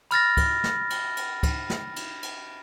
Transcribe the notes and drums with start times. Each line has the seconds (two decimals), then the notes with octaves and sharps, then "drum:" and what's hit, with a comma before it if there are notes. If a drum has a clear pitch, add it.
0.11 B5 F6 A6 A#6, drum: cymbal
0.37 drum: kick C#2, cymbal
0.64 drum: snare
0.90 drum: cymbal
1.17 drum: cymbal
1.43 drum: kick C#2, cymbal
1.70 drum: snare
1.96 drum: cymbal
2.23 drum: cymbal